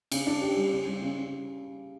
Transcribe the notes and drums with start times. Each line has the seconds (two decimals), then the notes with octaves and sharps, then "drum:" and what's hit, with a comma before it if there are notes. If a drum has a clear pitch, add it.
0.12 C#3, drum: cymbal
0.27 D4
0.42 G4
0.57 G3
0.72 C#3
0.88 G3
1.02 C#3